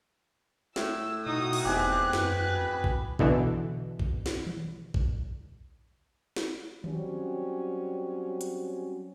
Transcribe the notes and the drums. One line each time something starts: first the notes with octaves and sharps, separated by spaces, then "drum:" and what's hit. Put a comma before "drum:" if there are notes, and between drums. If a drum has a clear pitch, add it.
A2 E6, drum: snare
B2 D#4 F#4 D#6
drum: cymbal
F1 E2 C4 G4 G#4 F#6
F#2 F#4 B4, drum: snare
F2 B5
drum: kick
B2 D3 E3, drum: kick
drum: kick
drum: snare
drum: tom D#3
drum: kick
drum: snare
F#3 G3 C4 C#4, drum: tom D#3
drum: hi-hat